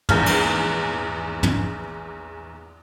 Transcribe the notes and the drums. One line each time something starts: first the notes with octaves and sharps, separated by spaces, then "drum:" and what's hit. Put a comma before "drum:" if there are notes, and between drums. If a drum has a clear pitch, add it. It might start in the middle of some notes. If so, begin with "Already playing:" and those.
A#1 E2 G#2 F6, drum: tom
drum: cymbal
drum: tom